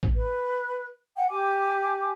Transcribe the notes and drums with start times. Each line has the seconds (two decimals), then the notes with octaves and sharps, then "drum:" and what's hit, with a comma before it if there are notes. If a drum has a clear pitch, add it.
0.03 drum: kick A1
0.13 B4
1.15 F#5 G5
1.29 G4 G#5 D6